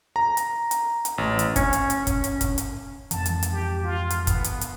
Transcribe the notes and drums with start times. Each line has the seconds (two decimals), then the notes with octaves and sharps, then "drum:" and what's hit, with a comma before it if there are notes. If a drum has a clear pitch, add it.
0.16 A#5
0.37 drum: hi-hat
0.71 drum: hi-hat
1.05 drum: hi-hat
1.18 A1
1.39 drum: hi-hat
1.56 C#4, drum: kick, hi-hat
1.73 drum: hi-hat
1.90 drum: hi-hat
2.07 drum: kick, hi-hat
2.24 drum: hi-hat
2.41 drum: kick, hi-hat
2.58 drum: hi-hat
3.11 F2 G#2 E3 A5, drum: hi-hat
3.26 drum: hi-hat
3.43 drum: hi-hat
3.52 G4
3.83 F4
4.10 drum: hi-hat
4.27 B3, drum: kick, hi-hat
4.44 drum: hi-hat
4.61 drum: hi-hat